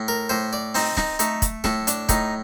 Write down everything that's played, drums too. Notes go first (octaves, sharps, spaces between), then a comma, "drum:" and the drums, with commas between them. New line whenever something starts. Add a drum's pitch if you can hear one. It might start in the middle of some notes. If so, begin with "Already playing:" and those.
Already playing: A2
A#4
A2 C5
D5
C4 D#4, drum: open hi-hat
D#4, drum: snare
A3 D#4, drum: hi-hat
drum: kick, hi-hat
A2 A4, drum: snare
D4, drum: hi-hat
A2 D#4, drum: kick, hi-hat